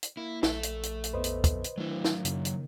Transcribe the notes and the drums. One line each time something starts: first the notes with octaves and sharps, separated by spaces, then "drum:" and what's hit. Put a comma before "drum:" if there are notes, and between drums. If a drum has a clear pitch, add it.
drum: hi-hat
A#3 E4
A#1 A4 E5, drum: snare E4
drum: hi-hat
drum: hi-hat
drum: hi-hat
F2 B3 B4 C5 D#5
drum: hi-hat
drum: kick, hi-hat
drum: hi-hat
D#3 F#3 A3 D4 E4
drum: snare E4
F#2 C#3 A#3, drum: hi-hat
drum: hi-hat